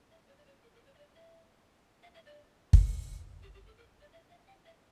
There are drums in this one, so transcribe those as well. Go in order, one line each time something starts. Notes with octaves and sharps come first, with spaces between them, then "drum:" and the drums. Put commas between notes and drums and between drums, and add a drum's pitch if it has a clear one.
E5
C#5
D5
C#5
A#4
A#4
C#5
E5
D5
E5
F5
E5
D5
A#4, drum: kick
G4
G4
A4
A#4
D5
E5
F5
G5
E5